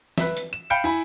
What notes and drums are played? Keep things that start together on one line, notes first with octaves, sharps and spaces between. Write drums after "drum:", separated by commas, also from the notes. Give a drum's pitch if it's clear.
B4 E5, drum: snare
drum: hi-hat
E7
F5 G5 B5 G6 C#7 D7
E4 G#5 B5